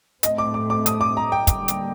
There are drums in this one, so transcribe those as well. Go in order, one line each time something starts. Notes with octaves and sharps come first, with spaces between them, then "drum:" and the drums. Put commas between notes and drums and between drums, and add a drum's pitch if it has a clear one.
A2 A3 C4 D#5, drum: hi-hat
D6
D6
D6
D#6, drum: hi-hat
D6
A#5
G5
D3 G3 A#3, drum: kick, hi-hat
drum: hi-hat